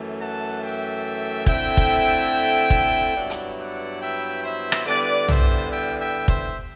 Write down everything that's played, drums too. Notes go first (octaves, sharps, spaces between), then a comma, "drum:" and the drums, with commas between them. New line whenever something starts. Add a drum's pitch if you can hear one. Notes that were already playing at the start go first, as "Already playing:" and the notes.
Already playing: F#2 E3 A3
F#5 A5
E5 G5
D3 A3 C4 E4 E5 G5, drum: kick
drum: kick
drum: kick
G2 F#3 B3 E4 D5 F#5
drum: hi-hat
D5 F#5
E5 G5
C5 E5
drum: rim click
D3 G3 B3 E4 B4 D5
C5 E5, drum: tom B1
E5 G5
E5 G5
C5 E5, drum: kick